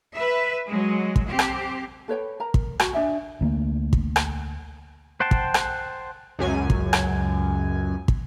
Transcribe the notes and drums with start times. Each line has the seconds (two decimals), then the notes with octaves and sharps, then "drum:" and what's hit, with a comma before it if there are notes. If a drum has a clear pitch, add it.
0.16 B4 E5
0.66 F#3 G#3
1.16 drum: kick
1.27 C4 G4
1.39 drum: rim click
2.08 A4 B4 C#5 G5
2.40 A#4 A#5
2.54 drum: kick
2.80 F#4, drum: rim click
2.93 D4 D#5 E5 G#5
3.41 D2 A3 A#3
3.93 drum: kick
4.16 drum: rim click
5.20 C5 F#5 G5 A5 C6
5.31 drum: kick
5.54 drum: rim click
6.39 C#2 F#2 G#5
6.70 drum: kick
6.93 drum: rim click
8.08 drum: kick